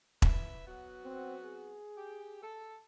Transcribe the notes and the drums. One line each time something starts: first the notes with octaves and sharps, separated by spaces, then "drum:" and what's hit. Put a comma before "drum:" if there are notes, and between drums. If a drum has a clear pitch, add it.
E4 B4 E5, drum: kick E1
F#3 B3 F#4
C4
G#4
G4
A4